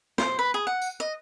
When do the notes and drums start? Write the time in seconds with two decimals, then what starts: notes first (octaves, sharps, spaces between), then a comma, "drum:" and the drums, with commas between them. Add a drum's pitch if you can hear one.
0.18 C5, drum: snare
0.39 B4
0.54 G#4
0.67 F#5
0.82 drum: tambourine
1.00 D#5